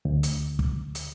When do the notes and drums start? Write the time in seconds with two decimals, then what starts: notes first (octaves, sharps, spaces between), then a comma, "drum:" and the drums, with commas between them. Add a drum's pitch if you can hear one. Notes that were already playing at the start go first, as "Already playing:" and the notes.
0.05 D2
0.23 drum: hi-hat
0.59 drum: kick
0.95 drum: hi-hat